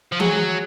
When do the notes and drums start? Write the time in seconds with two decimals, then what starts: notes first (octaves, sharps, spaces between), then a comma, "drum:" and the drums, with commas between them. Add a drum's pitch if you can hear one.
0.12 F3
0.20 F#3 G#4, drum: tom E3